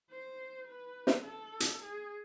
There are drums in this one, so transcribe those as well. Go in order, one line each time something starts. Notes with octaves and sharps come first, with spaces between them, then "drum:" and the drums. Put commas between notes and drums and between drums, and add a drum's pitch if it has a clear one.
C5
B4
drum: snare
A4
drum: hi-hat
G#4